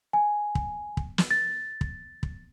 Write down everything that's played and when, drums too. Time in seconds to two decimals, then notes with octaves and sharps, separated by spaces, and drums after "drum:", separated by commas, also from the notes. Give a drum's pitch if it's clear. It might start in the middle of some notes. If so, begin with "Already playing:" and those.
0.13 G#5
0.55 drum: kick
0.97 drum: kick
1.18 drum: snare
1.31 A6
1.81 drum: kick
2.23 drum: kick